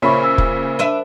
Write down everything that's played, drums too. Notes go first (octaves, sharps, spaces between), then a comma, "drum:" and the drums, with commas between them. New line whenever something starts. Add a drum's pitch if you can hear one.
A#2 C#3 A#4 C5 C#5 E5 B5 C#6
E6
drum: kick
D4 B4 E5